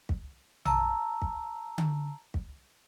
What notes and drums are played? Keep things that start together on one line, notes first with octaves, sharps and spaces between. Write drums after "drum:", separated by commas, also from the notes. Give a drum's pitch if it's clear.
drum: kick
A5 A#5 E6, drum: tom A#1
drum: kick
drum: tom D3
drum: kick